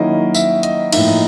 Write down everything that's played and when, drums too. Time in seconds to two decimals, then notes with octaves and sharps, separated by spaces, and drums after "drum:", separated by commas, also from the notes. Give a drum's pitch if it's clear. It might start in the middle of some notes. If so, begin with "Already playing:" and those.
Already playing: D#3 F#3 A#3 C#4 E4 D#5
0.34 E5, drum: tambourine
0.63 D#5, drum: hi-hat
0.92 A2 F3 A#3 D#4 E5, drum: cymbal
1.08 D#5